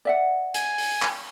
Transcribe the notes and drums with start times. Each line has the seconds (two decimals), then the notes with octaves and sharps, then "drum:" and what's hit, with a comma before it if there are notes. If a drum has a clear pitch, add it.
0.05 D5 E5 F#5
0.54 G#5, drum: hi-hat
0.78 drum: open hi-hat
1.02 drum: clap